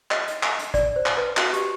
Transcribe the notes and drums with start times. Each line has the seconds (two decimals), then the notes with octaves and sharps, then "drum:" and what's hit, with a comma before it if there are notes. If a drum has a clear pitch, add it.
0.11 D#5, drum: clap
0.27 drum: hi-hat
0.43 drum: clap
0.59 drum: hi-hat
0.74 D5, drum: kick, hi-hat
0.96 C5
1.06 drum: clap
1.17 B4
1.37 F#4, drum: clap
1.53 G4, drum: hi-hat